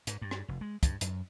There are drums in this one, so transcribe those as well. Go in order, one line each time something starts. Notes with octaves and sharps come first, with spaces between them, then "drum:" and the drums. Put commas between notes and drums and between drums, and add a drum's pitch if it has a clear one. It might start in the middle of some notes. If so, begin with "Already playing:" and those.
G#2, drum: hi-hat
G2
drum: rim click
F1
G#3
G2, drum: kick, hi-hat
F#2, drum: hi-hat